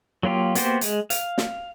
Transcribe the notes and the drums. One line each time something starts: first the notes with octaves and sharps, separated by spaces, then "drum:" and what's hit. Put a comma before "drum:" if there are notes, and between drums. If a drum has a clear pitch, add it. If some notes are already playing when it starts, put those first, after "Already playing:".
F#3 A#3 F4 G4
A#3 B3 F#4 G4 C5, drum: hi-hat
G#3, drum: hi-hat
F5, drum: hi-hat
drum: snare